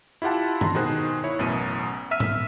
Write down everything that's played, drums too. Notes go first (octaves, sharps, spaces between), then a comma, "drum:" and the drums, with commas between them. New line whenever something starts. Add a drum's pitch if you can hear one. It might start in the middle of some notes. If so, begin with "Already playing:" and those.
E4 F4 G4 F#5 A5
A#5 C6, drum: tom G2
B2 D#3 G#4 C5 F#6
E4 C#5
A1 F#2 B2 D#7
E5 E6 F6 B6 D#7
drum: tom G#2